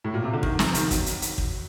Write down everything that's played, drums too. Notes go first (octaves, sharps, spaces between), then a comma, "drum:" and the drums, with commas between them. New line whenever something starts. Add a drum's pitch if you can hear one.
A2
A#2
C3
D3
D#3, drum: kick
C3, drum: snare
D#3, drum: hi-hat
F#3, drum: kick, hi-hat
drum: hi-hat
drum: hi-hat
drum: kick